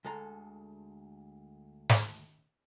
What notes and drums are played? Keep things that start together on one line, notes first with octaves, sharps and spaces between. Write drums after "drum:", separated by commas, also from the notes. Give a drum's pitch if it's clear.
D2 G#3 A4 A#5
drum: snare